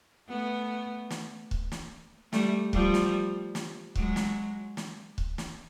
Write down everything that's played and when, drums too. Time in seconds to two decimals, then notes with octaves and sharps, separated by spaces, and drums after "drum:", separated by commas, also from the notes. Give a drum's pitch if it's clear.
0.29 A3 B3
1.10 drum: snare
1.51 drum: kick C#1
1.72 drum: snare
2.33 G3 A3, drum: snare
2.73 F3 G3, drum: kick C#1
2.94 drum: snare
3.55 drum: snare
3.95 F#3 G#3, drum: kick C#1
4.16 drum: snare
4.77 drum: snare
5.18 drum: kick C#1
5.38 drum: snare